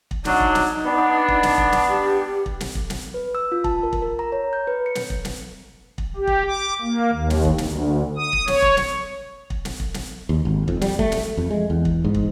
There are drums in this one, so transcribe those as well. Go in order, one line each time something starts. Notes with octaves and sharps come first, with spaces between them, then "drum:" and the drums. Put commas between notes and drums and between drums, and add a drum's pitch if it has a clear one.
drum: kick
F#3 D4 D#4, drum: snare
drum: kick
drum: snare
B3 D4
drum: kick
drum: snare
drum: kick
drum: snare
G4
drum: kick
drum: snare
drum: kick
drum: snare
B4
E6
F4
A5, drum: kick
A#4
drum: kick
A#4
A#5
C#5
G6
B4
C#7
drum: snare
drum: kick
drum: snare
drum: kick
G4
drum: kick
D6
A#3
D#2
drum: snare
drum: kick
D2, drum: snare
D#6
drum: kick
C#5, drum: snare
drum: kick
drum: snare
drum: kick
drum: snare
drum: kick
drum: snare
D#2
G#1
F2, drum: kick
G3, drum: snare
A3, drum: kick
drum: snare
F2
G#3
E2
drum: kick
G#2
drum: kick